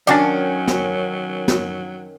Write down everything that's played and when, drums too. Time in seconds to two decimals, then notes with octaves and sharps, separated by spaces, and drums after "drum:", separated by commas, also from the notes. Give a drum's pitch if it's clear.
0.07 D#3 F#3 C#4 D4 F#4 D5
0.67 drum: snare
1.48 drum: snare